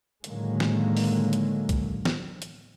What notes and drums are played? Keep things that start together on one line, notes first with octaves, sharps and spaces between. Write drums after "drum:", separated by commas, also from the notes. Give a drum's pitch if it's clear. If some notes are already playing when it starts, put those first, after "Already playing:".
A2 D3 D#3 F#3 G#3 A#3, drum: hi-hat
drum: snare
drum: open hi-hat
drum: hi-hat
drum: kick B1, hi-hat
drum: snare
drum: hi-hat